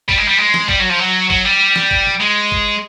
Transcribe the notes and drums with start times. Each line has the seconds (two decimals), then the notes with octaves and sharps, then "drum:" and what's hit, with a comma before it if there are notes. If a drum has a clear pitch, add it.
0.09 G3, drum: kick
0.18 G#3
0.28 G3
0.38 G#3
0.54 drum: snare
0.69 G3, drum: kick
0.80 F#3
0.89 F3
0.99 F#3
1.30 F#3, drum: kick
1.45 G3
1.76 drum: snare
1.91 drum: kick
2.06 drum: tom B2
2.21 G#3
2.52 drum: kick